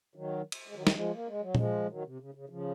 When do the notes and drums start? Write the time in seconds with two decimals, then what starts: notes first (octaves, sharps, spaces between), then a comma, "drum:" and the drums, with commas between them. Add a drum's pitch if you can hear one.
0.15 D#3 F#3
0.52 drum: cymbal
0.67 G#3
0.75 D#3 F#3
0.87 F#3, drum: snare
0.94 F3 G#3
1.13 A#3
1.27 G#3
1.41 F#3
1.55 F3 G#3, drum: tom A#2
1.90 D#3 F#3
2.05 C3
2.20 C#3
2.35 C#3
2.49 C#3 F3